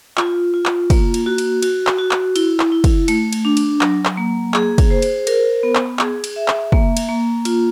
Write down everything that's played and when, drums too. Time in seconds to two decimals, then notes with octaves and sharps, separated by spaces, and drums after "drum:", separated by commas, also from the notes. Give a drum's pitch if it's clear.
0.17 F4, drum: clap
0.54 F4
0.66 drum: clap
0.90 A#3, drum: kick, cymbal
1.14 drum: cymbal
1.26 F#4
1.38 drum: cymbal
1.62 F#4, drum: cymbal
1.87 drum: clap
1.98 F#4
2.11 drum: clap
2.36 E4, drum: cymbal
2.60 drum: clap
2.72 E4
2.84 drum: kick, cymbal
3.08 A3, drum: cymbal
3.33 drum: cymbal
3.45 D4
3.57 drum: cymbal
3.81 F#3, drum: clap
4.05 drum: clap
4.17 A#3
4.54 G#4, drum: clap
4.78 drum: kick, cymbal
4.91 C5
5.02 drum: cymbal
5.27 A#4, drum: cymbal
5.63 B3
5.75 drum: clap
5.99 G#4, drum: clap
6.24 drum: cymbal
6.36 E5
6.48 drum: clap
6.72 A#3, drum: kick
6.97 drum: cymbal
7.09 A#3
7.45 F4, drum: cymbal